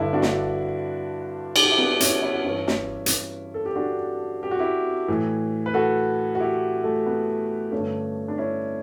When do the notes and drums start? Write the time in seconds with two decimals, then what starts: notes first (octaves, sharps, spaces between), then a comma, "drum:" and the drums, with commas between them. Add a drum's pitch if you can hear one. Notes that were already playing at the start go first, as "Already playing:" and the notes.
Already playing: G2 D3 E4
0.13 D4 F#4
0.22 drum: snare
1.56 G4, drum: cymbal
1.64 F#4
1.71 E4
1.78 B3 D4
2.00 C#4 E4, drum: hi-hat
2.22 C#4 E4
2.34 F#4
2.44 G2 E3 C#4 E4
2.68 drum: snare
3.06 drum: hi-hat
3.54 A4
3.66 G4
3.76 D4 F#4
4.43 G4
4.51 F#4
4.59 E4 G4
5.08 A2 E3
5.66 B4
5.74 F#4 A4
6.35 F#4
6.40 E4 G4
6.84 A3
7.06 B3
7.72 G2 D3 A3 C#4
8.28 D4
8.38 C#4 E4